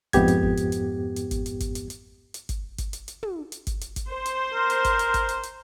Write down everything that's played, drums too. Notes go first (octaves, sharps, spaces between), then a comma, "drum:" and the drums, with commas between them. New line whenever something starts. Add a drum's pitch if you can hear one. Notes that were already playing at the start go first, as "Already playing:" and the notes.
F2 G#2 B3 G4 G#6, drum: kick, hi-hat
drum: hi-hat
drum: kick
drum: hi-hat
drum: hi-hat
drum: hi-hat
drum: kick, hi-hat
drum: hi-hat
drum: kick, hi-hat
drum: hi-hat
drum: hi-hat
drum: hi-hat
drum: kick, hi-hat
drum: kick, hi-hat
drum: hi-hat
drum: hi-hat
drum: tom
drum: hi-hat
drum: kick, hi-hat
drum: hi-hat
drum: kick, hi-hat
C5
drum: hi-hat
A#4
drum: hi-hat
drum: kick, hi-hat
drum: hi-hat
drum: kick, hi-hat
drum: hi-hat
drum: hi-hat